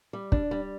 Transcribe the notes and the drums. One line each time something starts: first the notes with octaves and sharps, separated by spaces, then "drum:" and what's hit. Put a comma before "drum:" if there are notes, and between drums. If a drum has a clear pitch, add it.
G3
D4, drum: kick
G3